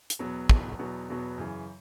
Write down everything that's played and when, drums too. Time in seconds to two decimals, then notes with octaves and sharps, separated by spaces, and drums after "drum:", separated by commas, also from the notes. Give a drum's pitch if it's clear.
0.10 drum: hi-hat
0.19 E2 B2 F#3 B3
0.49 E2 B2 F#3 B3, drum: kick
0.79 E2 B2 F#3 B3
1.09 E2 B2 F#3 B3
1.38 F#2 C#3 E3